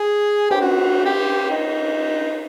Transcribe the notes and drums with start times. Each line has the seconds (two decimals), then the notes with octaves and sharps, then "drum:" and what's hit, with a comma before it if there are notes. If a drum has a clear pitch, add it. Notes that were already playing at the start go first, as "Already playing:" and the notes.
Already playing: G#4
0.51 G4, drum: cymbal
0.61 F#4
1.05 G4
1.50 D#4